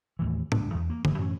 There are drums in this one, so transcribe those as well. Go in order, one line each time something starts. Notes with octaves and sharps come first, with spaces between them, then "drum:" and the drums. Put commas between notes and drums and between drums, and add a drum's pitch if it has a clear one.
D#2 A2 E3
D1 G#2 C3 D4, drum: tom
E2
A#3
G1 E3, drum: tom D3
F#2 A2 E3 C#4